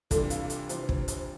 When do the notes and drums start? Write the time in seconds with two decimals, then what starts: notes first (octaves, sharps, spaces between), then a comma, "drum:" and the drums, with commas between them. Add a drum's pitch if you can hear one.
0.11 C3 E3 G3 D4 F4 A4, drum: kick, hi-hat
0.30 F5, drum: hi-hat
0.50 drum: hi-hat
0.69 C3 E3 G3 D4 F4 C5, drum: hi-hat
0.89 C5, drum: kick
1.08 C5, drum: hi-hat